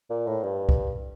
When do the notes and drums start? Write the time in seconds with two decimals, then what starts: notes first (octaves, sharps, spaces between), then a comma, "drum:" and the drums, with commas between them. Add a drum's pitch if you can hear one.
0.10 A#2
0.27 A2
0.43 G2
0.69 drum: kick